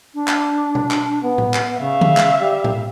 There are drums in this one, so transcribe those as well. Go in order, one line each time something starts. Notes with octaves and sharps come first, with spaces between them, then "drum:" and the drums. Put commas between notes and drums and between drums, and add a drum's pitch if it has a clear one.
D4
drum: clap
drum: tom B2
drum: clap
B3
drum: tom A2
drum: clap
C#3 E5 F5
drum: tom D3
drum: clap
G3
drum: tom A2